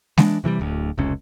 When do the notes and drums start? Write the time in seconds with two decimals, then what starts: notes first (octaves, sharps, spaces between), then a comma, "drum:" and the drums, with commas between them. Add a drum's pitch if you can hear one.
0.18 E3 G#3 D4, drum: snare G#3
0.44 C3 E3 F3 G3
0.59 D1 D2
0.98 F1 C#2 C#4